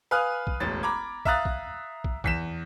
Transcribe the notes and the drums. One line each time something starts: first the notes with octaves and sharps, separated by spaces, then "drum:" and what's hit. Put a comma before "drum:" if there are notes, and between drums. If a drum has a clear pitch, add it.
B4 F5 G#5 D#6 F6 F#6
drum: kick
E1 A1 A6
A#5 B5 D6 G#6
E5 F5 A#5 D#6 F#6 A6, drum: kick
drum: kick
drum: kick
E2 B6 E7, drum: kick